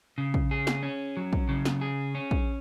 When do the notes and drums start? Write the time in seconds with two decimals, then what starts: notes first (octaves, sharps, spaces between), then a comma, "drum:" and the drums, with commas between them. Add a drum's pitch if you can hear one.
0.18 C#3
0.34 drum: kick
0.51 G#4
0.67 drum: snare
0.83 C#4
1.17 F#3
1.33 drum: kick
1.49 C#3
1.65 drum: snare
1.81 G#4
2.15 C#4
2.31 drum: kick